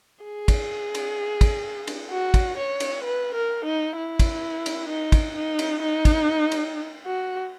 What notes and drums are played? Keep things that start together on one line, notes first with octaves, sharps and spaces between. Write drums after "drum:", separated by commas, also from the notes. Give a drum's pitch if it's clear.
G#4
drum: kick, cymbal
drum: cymbal
drum: kick, cymbal
drum: cymbal
F#4
drum: kick, cymbal
C#5
drum: cymbal
B4
A#4
D#4
E4
drum: kick, cymbal
drum: cymbal
D#4
drum: kick, cymbal
D#4
drum: cymbal
D#4
drum: kick, cymbal
drum: cymbal
F#4